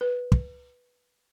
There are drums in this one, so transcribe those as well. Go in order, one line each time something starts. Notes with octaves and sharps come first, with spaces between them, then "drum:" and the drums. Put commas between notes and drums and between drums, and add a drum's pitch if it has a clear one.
B4
drum: kick